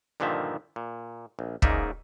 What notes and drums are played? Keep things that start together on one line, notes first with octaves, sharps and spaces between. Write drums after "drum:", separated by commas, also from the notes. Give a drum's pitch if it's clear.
G2 A#2 D3 D#3 F3 E5
A#2
A#1
G#2 C#3 A#3 D#4 D5 E5, drum: kick